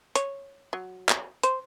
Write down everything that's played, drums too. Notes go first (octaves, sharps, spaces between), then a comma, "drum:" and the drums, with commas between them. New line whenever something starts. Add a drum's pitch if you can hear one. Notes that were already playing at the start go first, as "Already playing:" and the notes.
C#5, drum: hi-hat
F#3
drum: clap
C5, drum: hi-hat